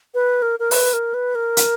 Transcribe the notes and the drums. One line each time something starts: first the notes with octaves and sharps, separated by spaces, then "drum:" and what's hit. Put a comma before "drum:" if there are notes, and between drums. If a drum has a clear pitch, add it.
B4
A#4
A#4
B4, drum: open hi-hat
A#4
B4
A#4
drum: hi-hat